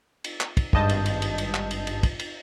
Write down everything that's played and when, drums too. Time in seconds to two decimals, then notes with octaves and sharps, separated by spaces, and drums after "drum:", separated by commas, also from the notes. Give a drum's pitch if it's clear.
0.24 drum: cymbal
0.41 drum: clap
0.57 drum: kick, cymbal
0.73 G#1 G2 D#5 A5 G6, drum: kick
0.89 drum: cymbal
1.06 drum: cymbal
1.22 drum: cymbal
1.38 drum: cymbal
1.54 drum: clap
1.71 drum: cymbal
1.87 drum: cymbal
2.03 drum: kick, cymbal
2.20 drum: cymbal